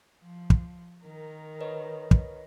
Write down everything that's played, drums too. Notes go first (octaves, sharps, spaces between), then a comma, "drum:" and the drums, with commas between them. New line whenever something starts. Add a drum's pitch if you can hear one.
F3
drum: kick
D#3 A#4
B4 C#5 D#5
drum: kick